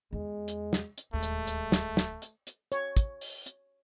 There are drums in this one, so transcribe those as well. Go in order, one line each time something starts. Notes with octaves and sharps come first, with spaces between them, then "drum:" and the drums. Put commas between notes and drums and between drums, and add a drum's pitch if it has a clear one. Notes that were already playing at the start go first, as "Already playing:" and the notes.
E2 G#3 E4
drum: hi-hat
drum: snare
drum: hi-hat
D1 D#2 G#3 A3
drum: hi-hat
drum: hi-hat
drum: snare
drum: snare
drum: hi-hat
drum: hi-hat
C#5, drum: hi-hat
drum: kick, hi-hat
drum: open hi-hat
drum: hi-hat